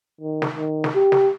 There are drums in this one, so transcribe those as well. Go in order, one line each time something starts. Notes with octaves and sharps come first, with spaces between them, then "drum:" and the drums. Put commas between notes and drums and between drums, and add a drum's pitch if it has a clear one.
D#3
drum: snare
D#3
drum: snare
G4
drum: snare